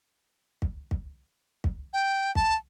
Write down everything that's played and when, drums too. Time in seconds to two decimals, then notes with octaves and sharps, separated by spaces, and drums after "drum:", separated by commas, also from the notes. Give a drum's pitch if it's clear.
0.62 drum: kick
0.91 drum: kick
1.64 drum: kick
1.93 G5
2.35 A5, drum: kick